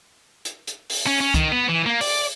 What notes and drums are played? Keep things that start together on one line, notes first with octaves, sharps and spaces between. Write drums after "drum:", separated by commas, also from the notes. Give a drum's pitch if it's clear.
drum: hi-hat
drum: hi-hat
drum: open hi-hat
C#4
C#4
D#3, drum: kick C2, hi-hat
B3
E3
A#3
D5, drum: open hi-hat